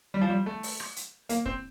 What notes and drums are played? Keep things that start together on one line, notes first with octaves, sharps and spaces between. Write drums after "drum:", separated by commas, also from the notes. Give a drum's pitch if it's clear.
G3
F3
G3
A3
drum: open hi-hat
drum: rim click
drum: hi-hat
A#3, drum: hi-hat
C4, drum: kick